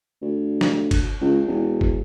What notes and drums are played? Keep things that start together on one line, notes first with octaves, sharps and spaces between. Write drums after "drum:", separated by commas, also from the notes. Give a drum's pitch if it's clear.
D2
drum: snare
drum: kick G1, cymbal
C#2
E1
drum: kick G1